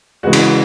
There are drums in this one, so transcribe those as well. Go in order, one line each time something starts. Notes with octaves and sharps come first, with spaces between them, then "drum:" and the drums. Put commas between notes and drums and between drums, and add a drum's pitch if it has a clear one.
C#3 E3 G#3 F#4 F#5
drum: cymbal